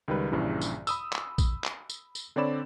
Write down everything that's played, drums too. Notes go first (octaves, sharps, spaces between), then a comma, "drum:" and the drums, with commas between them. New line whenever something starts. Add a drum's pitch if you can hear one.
C#2 D#3 G3 B4
A#1 G2 C#3 E3
drum: tambourine
B5 D#6 E6, drum: tambourine
drum: clap
drum: kick A#1, tambourine
drum: clap
drum: tambourine
drum: tambourine
D3 C4 C#5 D5 B5 E7